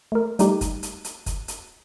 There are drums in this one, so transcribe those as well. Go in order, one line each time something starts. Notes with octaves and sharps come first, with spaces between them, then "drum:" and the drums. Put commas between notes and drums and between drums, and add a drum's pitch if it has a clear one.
A3 A#4
G3 A3 D#4 G4, drum: hi-hat
drum: kick, hi-hat
drum: hi-hat
drum: hi-hat
drum: kick, hi-hat
drum: hi-hat